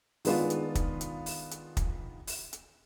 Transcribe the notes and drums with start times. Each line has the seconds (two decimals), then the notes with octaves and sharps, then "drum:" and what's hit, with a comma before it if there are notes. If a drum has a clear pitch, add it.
0.25 D#3 G#3 B3 D4 F4, drum: open hi-hat
0.50 drum: hi-hat
0.75 drum: kick, hi-hat
1.01 drum: hi-hat
1.26 drum: open hi-hat
1.51 drum: hi-hat
1.77 drum: kick, hi-hat
2.27 drum: open hi-hat
2.53 drum: hi-hat